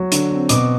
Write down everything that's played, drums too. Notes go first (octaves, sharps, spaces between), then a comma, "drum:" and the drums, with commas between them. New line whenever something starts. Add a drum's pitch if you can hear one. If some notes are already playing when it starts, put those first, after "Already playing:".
Already playing: F#3
D3, drum: hi-hat
C4
B2 D6, drum: hi-hat